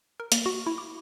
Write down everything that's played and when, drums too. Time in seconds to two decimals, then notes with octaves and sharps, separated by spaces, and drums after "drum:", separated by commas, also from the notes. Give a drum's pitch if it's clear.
0.20 A#4
0.32 A#3, drum: hi-hat
0.46 F#4
0.67 E4
0.78 D6